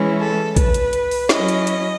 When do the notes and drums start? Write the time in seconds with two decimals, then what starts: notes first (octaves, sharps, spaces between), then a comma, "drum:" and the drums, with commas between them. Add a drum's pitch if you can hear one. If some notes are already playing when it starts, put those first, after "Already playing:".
Already playing: E3 G#3 C#4 E4
0.18 A4
0.56 B4, drum: kick A#1, hi-hat
0.74 drum: hi-hat
0.93 drum: hi-hat
1.11 drum: open hi-hat
1.29 F#3 C#4 E4 D#5, drum: snare
1.48 drum: hi-hat
1.67 drum: hi-hat